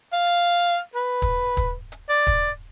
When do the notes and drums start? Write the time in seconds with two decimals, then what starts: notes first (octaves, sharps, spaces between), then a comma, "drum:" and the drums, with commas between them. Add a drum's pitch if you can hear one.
0.13 F5
0.95 B4
1.22 drum: kick, hi-hat
1.57 drum: kick, hi-hat
1.92 drum: hi-hat
2.09 D5
2.27 drum: kick, hi-hat